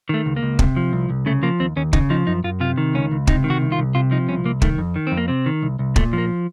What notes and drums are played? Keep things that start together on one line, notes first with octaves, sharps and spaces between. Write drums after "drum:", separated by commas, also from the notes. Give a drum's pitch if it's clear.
D#3 A3
C#2
A#3
C#2
C3, drum: kick
F3
C2
C2
C#3 A3
F3 A#3
D#2 C4
D#2 C#4
C#3 D#4, drum: kick
F3 D#4
F#2 D#4
F#2 F4
C3 F4
D#3
C#2 C#4
C#2
C3 D#4, drum: kick
D#3
F#4
C2
F4
C2
C3 F4
F3 D#4
C2 C#4
C2 A#3
D#3 A3, drum: kick
F2
D#3
F2 C4
A#3
C3 C4
D#3
C2
C2
A#2 A3, drum: kick
F3 A#3